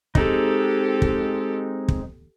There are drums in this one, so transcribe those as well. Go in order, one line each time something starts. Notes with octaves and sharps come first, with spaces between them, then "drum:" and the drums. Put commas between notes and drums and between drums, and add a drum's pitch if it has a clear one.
G#3 C4 D#4 G4 A4, drum: kick
drum: kick
drum: kick